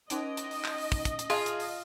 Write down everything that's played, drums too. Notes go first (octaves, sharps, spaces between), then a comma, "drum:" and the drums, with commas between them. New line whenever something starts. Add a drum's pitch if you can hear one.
C#4 D#4 D#5 D7, drum: hi-hat
drum: hi-hat
drum: open hi-hat
drum: clap
drum: open hi-hat
drum: kick, open hi-hat
drum: kick, hi-hat
drum: hi-hat
F4 G#4 A5 D#6, drum: open hi-hat
drum: hi-hat
drum: open hi-hat